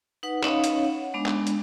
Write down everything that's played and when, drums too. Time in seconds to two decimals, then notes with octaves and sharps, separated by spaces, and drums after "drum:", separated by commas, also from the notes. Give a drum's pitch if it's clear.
0.23 D#4 B4 F#5
0.43 C#4 D#4 C#5 D#5 F5 B5, drum: clap
0.64 drum: hi-hat
0.84 F#5
1.14 G#3 B3 D4
1.26 drum: clap
1.47 drum: hi-hat